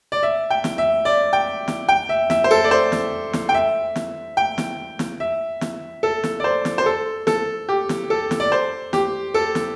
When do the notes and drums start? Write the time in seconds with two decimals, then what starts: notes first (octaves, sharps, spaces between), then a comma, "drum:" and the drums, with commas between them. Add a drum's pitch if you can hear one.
0.12 D5
0.23 E5
0.50 G5
0.64 drum: snare
0.78 E5
1.05 D5
1.33 G5
1.68 drum: snare
1.89 G5
2.09 E5
2.30 E5, drum: snare
2.44 C5
2.51 A4
2.64 D5
2.71 C5
2.92 drum: snare
3.33 drum: snare
3.49 G5
3.54 E5
3.96 drum: snare
4.37 G5
4.58 drum: snare
4.99 drum: snare
5.20 E5
5.61 drum: snare
6.03 A4
6.24 drum: snare
6.40 D5
6.44 C5
6.65 drum: snare
6.78 C5
6.86 A4
7.27 A4, drum: snare
7.69 G4
7.89 drum: snare
8.10 A4
8.31 drum: snare
8.40 D5
8.52 C5
8.93 G4, drum: snare
9.34 A4
9.55 drum: snare